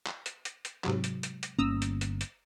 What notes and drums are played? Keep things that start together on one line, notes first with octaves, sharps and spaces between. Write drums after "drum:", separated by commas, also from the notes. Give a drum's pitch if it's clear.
drum: clap
drum: hi-hat
drum: hi-hat
drum: hi-hat
G#2 C3 F#3, drum: clap
drum: hi-hat
drum: hi-hat
drum: hi-hat
G1 A#3 C#4 A#5 D#6 E6
drum: hi-hat
drum: hi-hat
drum: hi-hat